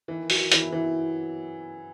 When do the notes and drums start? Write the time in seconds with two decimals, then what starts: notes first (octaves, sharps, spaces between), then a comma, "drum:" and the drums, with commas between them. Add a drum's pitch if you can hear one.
0.08 D#3 E3
0.30 F#3, drum: open hi-hat
0.52 E3 F#3 C4 E4, drum: hi-hat
0.72 E3